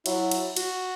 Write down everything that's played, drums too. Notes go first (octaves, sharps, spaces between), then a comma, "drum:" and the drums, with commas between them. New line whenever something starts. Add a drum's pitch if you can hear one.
F#3 E4, drum: cymbal
drum: cymbal
F#4, drum: cymbal